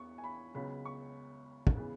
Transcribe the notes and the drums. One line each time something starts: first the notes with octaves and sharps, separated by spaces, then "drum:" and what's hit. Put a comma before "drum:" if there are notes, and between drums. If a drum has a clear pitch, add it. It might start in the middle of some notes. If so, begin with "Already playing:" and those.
Already playing: E2 B3 C#6
G#5
B5
C#2 C#3 F#3 B3 B5
C#6
drum: kick
C#3 E3 G#3 B3